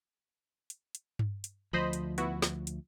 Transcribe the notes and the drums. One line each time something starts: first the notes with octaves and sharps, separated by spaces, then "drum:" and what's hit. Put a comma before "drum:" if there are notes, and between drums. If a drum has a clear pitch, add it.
drum: hi-hat
drum: hi-hat
drum: tom G2
drum: hi-hat
D2 F3 C5 D#5 B5
drum: hi-hat
B3 E4 F#4, drum: hi-hat
drum: snare
drum: hi-hat